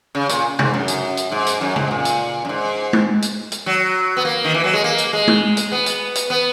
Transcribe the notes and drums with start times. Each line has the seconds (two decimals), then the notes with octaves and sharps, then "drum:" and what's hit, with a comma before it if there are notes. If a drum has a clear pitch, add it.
0.15 C#3
0.29 A#2, drum: hi-hat
0.59 G#2, drum: tom C3
0.74 F#2
0.88 drum: hi-hat
1.17 drum: hi-hat
1.32 G#2
1.47 drum: hi-hat
1.61 F#2
1.76 G#2, drum: tom C#3
1.91 A#2
2.05 drum: hi-hat
2.45 F#2
2.49 G#2
2.93 drum: tom G#3
3.22 drum: hi-hat
3.52 drum: hi-hat
3.66 F#3
4.17 B3
4.25 A#3
4.44 D#3
4.54 E3
4.64 F#3
4.73 G#3
4.84 A#3
4.98 drum: hi-hat
5.13 G#3
5.28 drum: tom G#3
5.57 drum: hi-hat
5.72 B3
5.86 drum: hi-hat
6.15 drum: hi-hat
6.30 B3